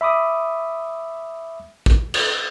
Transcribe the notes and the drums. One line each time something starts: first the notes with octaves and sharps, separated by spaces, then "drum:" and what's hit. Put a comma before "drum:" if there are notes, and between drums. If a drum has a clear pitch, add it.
E5 B5 D6 D#6
drum: kick
drum: cymbal